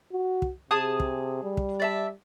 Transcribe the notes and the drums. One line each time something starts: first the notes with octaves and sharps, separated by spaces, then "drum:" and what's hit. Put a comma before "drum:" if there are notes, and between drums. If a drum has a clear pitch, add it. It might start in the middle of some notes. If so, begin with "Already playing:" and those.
F#4
drum: kick
C3 G#4 A5 D#6
drum: kick
G3
drum: kick
D5 E5 A5